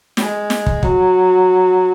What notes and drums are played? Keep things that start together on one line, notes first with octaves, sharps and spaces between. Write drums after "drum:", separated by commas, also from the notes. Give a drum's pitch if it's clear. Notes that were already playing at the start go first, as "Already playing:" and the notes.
G#3, drum: snare
drum: snare
drum: kick
F#3, drum: kick